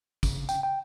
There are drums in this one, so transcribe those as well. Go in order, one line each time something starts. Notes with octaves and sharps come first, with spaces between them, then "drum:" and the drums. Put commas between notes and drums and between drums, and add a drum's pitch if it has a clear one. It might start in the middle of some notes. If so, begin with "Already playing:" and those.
C#3, drum: kick, tambourine
G5, drum: tambourine
G5